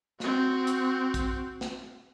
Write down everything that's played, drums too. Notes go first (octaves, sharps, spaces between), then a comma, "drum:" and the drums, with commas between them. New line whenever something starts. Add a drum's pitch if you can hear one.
C4 F#4, drum: snare
drum: hi-hat
drum: kick, hi-hat
drum: snare